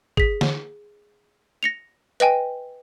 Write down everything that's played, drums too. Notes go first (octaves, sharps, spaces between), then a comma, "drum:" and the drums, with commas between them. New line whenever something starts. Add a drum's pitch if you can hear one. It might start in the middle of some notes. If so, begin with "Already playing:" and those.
G#4 B6, drum: kick
drum: snare D3
A#6 C#7 F7
B4 D#5 G5 G#5, drum: hi-hat